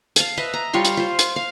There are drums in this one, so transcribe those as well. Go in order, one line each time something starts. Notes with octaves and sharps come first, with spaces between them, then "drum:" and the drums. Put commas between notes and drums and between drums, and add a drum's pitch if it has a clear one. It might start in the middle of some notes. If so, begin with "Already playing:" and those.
F5 A5, drum: hi-hat
B4 D#5 E5
A#5
G3 F4 C#5 C6
drum: hi-hat
F4 C5
drum: hi-hat
F5